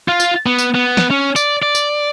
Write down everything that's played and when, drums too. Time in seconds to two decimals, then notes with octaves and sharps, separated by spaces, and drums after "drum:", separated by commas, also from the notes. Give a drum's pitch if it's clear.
0.08 F4
0.20 drum: tambourine
0.46 B3
0.58 drum: tambourine
0.75 B3
0.97 drum: snare
1.11 C#4
1.36 D5, drum: tambourine
1.63 D5
1.75 drum: tambourine